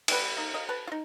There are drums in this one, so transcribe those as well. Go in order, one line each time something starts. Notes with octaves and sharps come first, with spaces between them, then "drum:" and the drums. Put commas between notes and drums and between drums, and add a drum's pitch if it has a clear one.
E3 G3 B3 B4, drum: cymbal
A#3 D#4
A#4 D#5 F5
B4 A5
D#4 F4